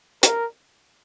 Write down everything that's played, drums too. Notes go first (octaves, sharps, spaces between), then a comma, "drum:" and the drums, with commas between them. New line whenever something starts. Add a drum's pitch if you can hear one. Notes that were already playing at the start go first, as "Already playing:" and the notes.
A#4, drum: hi-hat